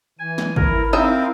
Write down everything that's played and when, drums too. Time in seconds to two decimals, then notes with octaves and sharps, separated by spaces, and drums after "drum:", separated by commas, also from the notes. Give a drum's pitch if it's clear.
0.19 E3 G#5
0.38 drum: snare
0.56 E4 A#4, drum: kick
0.93 C4 D#4 A#4 C5 E5 F5